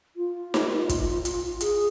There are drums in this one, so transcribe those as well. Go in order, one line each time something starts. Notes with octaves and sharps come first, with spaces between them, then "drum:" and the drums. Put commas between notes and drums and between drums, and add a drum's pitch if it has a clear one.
F4
drum: snare D#4
drum: kick, hi-hat
drum: hi-hat
G#4, drum: hi-hat